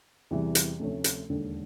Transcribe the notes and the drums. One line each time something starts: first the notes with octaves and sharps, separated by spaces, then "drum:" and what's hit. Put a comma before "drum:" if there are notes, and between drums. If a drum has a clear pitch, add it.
E2 C3 E3 G3
drum: hi-hat
D2 C3 F3 A3 C#4
drum: hi-hat
E1 D#2 D3